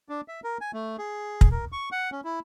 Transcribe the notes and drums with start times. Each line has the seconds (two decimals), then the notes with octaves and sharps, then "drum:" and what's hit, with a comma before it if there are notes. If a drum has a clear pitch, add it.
0.09 D4
0.28 E5
0.44 A#4
0.61 G#5
0.74 A3
0.98 G#4
1.41 drum: kick
1.51 A#4
1.72 C#6
1.92 F#5
2.12 C#4
2.24 E4